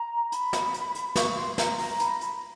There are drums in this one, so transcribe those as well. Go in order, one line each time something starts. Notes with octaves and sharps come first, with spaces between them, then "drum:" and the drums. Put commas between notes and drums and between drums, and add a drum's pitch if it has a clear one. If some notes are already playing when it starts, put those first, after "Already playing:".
Already playing: A#5
B5, drum: hi-hat
drum: snare
drum: hi-hat
drum: hi-hat
C#6, drum: snare
C6
A#5, drum: snare
A#5, drum: open hi-hat
B5, drum: hi-hat
B5, drum: hi-hat